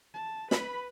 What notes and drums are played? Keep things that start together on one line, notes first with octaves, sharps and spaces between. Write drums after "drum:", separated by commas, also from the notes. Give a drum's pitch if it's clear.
A5
B4 B5, drum: snare